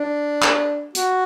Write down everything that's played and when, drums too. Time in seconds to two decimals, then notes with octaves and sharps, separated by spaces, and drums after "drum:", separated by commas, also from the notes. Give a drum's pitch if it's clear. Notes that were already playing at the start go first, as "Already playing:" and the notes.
Already playing: D4
0.42 drum: clap
0.95 F#4, drum: hi-hat